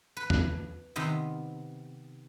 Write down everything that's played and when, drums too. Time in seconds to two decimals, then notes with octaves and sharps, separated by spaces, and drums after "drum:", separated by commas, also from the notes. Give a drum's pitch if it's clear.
0.17 B4
0.30 drum: tom E2
0.96 C3 D#3 B3